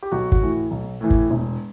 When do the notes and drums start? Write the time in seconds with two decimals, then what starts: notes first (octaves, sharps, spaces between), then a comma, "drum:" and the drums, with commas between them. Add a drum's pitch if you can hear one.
0.02 G4
0.12 B1 F#4
0.32 F#4, drum: kick
0.41 A2 E3
0.71 B1
1.01 A2 E3
1.10 drum: kick
1.31 E1